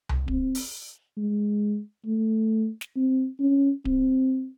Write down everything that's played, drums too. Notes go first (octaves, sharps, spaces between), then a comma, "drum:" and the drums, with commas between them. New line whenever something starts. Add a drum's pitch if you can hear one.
drum: tom C2
C4, drum: kick D1
drum: open hi-hat
G#3
A3
drum: snare
C4
C#4
C4, drum: kick D1